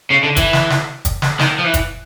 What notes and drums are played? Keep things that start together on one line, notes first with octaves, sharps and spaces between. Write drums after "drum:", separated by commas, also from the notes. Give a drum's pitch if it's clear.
C#3
D3
E3, drum: kick, hi-hat
drum: snare
drum: snare
drum: kick, hi-hat
drum: snare
D#3, drum: snare
F3
E3
drum: kick, hi-hat